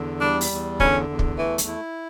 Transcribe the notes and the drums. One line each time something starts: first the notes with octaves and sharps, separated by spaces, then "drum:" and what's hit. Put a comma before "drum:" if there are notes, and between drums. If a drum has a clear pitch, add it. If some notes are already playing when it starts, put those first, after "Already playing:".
Already playing: E2 D3
G3 D4
drum: open hi-hat
E2
D3 C#4, drum: kick
E2
drum: kick
E3 A3
drum: hi-hat
E4